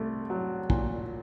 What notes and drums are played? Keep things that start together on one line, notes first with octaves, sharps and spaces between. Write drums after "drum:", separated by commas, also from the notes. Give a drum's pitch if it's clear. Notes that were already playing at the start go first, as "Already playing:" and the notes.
Already playing: C2 A3
F#3
A#2, drum: kick